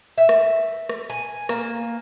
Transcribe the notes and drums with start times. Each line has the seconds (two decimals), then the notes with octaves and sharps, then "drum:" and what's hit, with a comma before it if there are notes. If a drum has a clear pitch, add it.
0.18 E5
0.29 drum: rim click
0.89 drum: rim click
1.10 G#5
1.49 A#3, drum: rim click